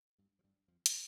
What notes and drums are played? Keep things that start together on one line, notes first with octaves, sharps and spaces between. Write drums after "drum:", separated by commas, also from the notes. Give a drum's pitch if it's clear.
G2 G3
F3
G2 G3
F2 F3
F3, drum: hi-hat